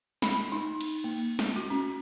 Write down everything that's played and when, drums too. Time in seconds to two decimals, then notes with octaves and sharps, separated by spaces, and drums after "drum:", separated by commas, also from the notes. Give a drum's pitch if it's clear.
0.22 B5, drum: snare
0.52 D#4
0.81 drum: cymbal
1.04 A#3
1.39 drum: snare
1.56 F#4
1.70 C#4